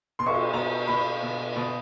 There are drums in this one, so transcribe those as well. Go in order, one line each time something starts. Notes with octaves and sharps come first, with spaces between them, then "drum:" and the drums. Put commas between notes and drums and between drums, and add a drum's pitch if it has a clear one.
B2 C6
C#6, drum: cymbal
C6
B2 A#5
B2 B5
B2
B2